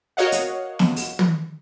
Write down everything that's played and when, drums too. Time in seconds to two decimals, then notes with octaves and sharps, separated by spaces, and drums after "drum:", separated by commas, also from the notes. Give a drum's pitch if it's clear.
0.17 F#4 A#4 C#5 D#5 F5 F#5
0.32 drum: hi-hat
0.79 drum: snare
0.96 drum: open hi-hat
1.19 drum: tom